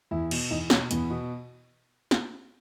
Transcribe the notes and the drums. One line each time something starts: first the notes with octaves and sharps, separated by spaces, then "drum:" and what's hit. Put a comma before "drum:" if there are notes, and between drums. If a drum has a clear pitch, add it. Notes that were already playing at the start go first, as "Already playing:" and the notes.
E2 E4
B2, drum: cymbal
E2 D#4
B2 C#4, drum: snare
E2 B3, drum: hi-hat
B2
drum: snare